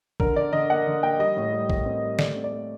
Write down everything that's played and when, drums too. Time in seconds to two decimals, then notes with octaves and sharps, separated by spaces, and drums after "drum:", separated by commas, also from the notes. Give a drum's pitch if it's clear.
0.20 D3 A#4, drum: kick
0.36 D3 D5
0.53 D3 D#5
0.70 A#3 F#5
0.87 D3
1.03 A#3 G5
1.19 G3 D#5
1.37 A2
1.53 G3
1.70 A2, drum: kick
1.85 C4
2.02 G3
2.19 A3 D5, drum: snare
2.36 C4
2.44 D5
2.52 A3